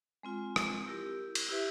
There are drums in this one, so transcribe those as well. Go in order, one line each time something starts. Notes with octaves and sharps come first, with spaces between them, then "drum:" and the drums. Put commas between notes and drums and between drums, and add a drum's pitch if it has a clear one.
G#3 C4 F4
drum: rim click
E4 G4 A#4
drum: cymbal
E4 G4 B4 E5